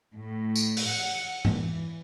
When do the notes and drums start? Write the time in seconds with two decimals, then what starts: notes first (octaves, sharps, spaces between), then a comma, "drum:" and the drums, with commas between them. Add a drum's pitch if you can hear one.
0.15 A2
0.55 drum: tambourine
0.77 drum: open hi-hat
0.89 F#5
1.45 E3, drum: tom